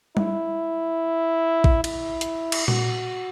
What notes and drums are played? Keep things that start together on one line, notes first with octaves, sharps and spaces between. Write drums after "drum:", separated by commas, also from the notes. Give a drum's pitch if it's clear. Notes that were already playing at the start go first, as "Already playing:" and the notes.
E4, drum: tom G3
drum: kick A1
E4, drum: cymbal
drum: hi-hat
drum: cymbal
F#4, drum: tom A#2